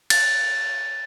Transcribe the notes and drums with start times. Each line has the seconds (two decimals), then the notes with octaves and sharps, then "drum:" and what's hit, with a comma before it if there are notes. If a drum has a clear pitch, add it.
0.10 A6, drum: cymbal